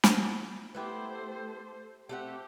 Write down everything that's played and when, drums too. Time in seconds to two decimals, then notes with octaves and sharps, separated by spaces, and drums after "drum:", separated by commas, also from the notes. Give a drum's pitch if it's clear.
0.04 drum: snare
0.75 A3 B3 E4 G4 A4 C5
2.09 A3 C4 G4 F#5